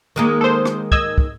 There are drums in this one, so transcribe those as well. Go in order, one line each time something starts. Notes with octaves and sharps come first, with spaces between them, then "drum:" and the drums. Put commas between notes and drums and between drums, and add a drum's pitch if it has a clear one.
D#3 G#3 A#3
A4 C5
drum: rim click
D#5 E6 G#6, drum: kick
drum: kick